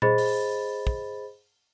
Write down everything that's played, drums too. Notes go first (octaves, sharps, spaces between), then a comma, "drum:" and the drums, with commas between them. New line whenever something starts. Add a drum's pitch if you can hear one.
G#4 C5 D#5 B5 A6, drum: tom A#2
drum: open hi-hat
drum: kick